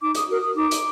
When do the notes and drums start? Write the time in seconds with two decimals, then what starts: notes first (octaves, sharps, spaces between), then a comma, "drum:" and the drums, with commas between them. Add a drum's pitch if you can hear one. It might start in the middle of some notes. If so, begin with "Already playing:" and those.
0.02 D#4 D6
0.15 D#6, drum: hi-hat
0.28 F#4 A#4
0.42 D#6
0.56 D#4 D6
0.71 drum: hi-hat